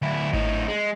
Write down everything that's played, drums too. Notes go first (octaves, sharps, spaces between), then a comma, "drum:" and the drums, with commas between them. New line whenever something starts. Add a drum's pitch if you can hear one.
D2 E4
A2 D#4, drum: kick G#1
G#3